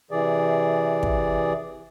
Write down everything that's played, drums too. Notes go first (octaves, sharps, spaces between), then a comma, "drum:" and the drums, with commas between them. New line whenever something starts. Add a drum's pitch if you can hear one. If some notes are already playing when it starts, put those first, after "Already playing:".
C3 E3 G#4 D5
drum: kick